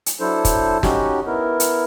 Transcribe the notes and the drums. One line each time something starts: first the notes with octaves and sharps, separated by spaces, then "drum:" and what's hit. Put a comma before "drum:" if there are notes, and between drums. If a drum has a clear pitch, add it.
drum: hi-hat
F#3 D4 E4 A4 C5
drum: kick, hi-hat
C#4 D#4 F#4 G4, drum: snare
B3 E4 A#4
drum: hi-hat